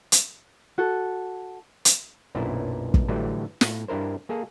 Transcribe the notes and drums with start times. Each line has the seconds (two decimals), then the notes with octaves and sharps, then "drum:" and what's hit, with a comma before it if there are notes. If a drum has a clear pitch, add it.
0.12 drum: hi-hat
0.78 F#4 A4
1.85 drum: hi-hat
2.35 B1 F#2 A#2 D4 E4 C5
2.94 drum: kick
3.08 A2 D3 E3 F#3 G3 A3
3.61 A2, drum: snare
3.88 G2 D4 E4 A#4 C5
4.29 A#3 G#4 A4